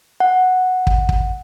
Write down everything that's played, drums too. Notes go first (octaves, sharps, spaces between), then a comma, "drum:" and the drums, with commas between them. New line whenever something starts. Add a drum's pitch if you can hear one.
F#5
drum: kick
drum: kick